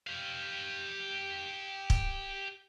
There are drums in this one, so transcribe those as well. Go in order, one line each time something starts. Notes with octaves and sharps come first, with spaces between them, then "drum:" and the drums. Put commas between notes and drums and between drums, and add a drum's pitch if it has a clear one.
G4 F5
drum: kick